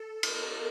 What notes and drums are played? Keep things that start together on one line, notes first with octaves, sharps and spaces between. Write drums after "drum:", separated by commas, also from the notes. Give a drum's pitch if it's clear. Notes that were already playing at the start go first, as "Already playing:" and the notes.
Already playing: A4
A#4, drum: cymbal